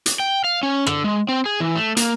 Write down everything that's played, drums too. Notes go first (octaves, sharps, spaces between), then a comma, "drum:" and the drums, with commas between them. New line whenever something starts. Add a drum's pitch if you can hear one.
drum: hi-hat
G5
F5
C#4
D3, drum: rim click
G#3
C4
G#4
E3
A3
A#3, drum: hi-hat